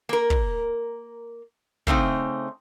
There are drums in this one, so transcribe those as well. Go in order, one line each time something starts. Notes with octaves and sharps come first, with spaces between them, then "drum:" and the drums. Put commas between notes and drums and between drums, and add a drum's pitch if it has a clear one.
A#3 A#4
drum: kick
C#3 A3 C4 D#4, drum: kick